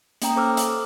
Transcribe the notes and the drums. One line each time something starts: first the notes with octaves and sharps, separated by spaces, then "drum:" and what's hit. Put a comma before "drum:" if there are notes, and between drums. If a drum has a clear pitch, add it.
A#3 C#4 G5 A#5 D#6, drum: hi-hat
A4 C5 D6 E6 F6
drum: hi-hat